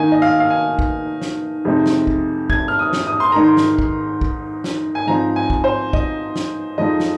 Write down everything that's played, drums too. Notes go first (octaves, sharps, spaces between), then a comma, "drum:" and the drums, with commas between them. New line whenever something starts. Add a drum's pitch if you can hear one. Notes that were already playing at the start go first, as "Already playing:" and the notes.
Already playing: D#3 A#3 D#4 G#5
D#5
F5
F5
G#5
drum: kick
drum: snare
F2 C3 G#3 C4 D#4
drum: snare
drum: kick
G#6, drum: kick
F6
D#6
drum: snare
D#6
C6
G#2 D#3 G#3 D#4 A#5
C6
drum: snare
drum: kick
drum: kick
drum: snare
G#5
G#2 F3 C4 D#4 A#5
G#5
drum: kick
C5
D#5, drum: kick
drum: snare
F2 F3 G#3 D#4 D#5
drum: snare